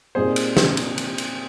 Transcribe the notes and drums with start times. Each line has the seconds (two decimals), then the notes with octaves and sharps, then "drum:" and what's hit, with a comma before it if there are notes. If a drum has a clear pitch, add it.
0.15 A#2 G3 C4 D#4 G#4 C5
0.36 drum: cymbal
0.57 drum: snare
0.77 drum: cymbal
0.98 drum: cymbal
1.18 drum: cymbal